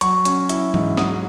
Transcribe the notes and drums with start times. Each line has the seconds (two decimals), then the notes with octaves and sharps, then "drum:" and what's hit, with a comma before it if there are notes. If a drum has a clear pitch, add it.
0.01 F#3 C#6, drum: hi-hat
0.25 C#4, drum: hi-hat
0.49 E4, drum: hi-hat
0.74 G#2, drum: tom E3
0.97 F#3 D#6, drum: snare